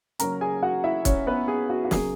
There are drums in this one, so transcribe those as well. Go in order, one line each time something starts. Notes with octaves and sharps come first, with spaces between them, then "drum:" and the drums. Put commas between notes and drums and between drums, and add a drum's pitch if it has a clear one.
C#3 F#3 A#3 C#4 A#4 A#5, drum: hi-hat
G#4 G#5
F#4 F#5
E4 E5
C#4 C#5, drum: kick, hi-hat
B3 B4
G#4
F#4
F#4
C#3 F#3 A#3 G#4, drum: snare